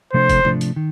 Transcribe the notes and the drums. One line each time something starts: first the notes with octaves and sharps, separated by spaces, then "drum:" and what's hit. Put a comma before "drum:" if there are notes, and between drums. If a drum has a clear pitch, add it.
C3 F3 A3 D4 A4 C5
drum: kick F#1, hi-hat
C3 F3 A3 D4 A4, drum: tom G#2
drum: hi-hat
D#3